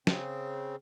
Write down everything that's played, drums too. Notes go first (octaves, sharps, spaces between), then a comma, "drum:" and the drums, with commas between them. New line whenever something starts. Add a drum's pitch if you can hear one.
C#3 C4, drum: snare